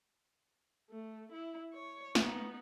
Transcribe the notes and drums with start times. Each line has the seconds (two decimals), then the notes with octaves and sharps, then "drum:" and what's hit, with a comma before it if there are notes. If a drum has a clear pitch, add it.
0.90 A3
1.32 E4
1.74 C#5
2.15 B3 D#4, drum: snare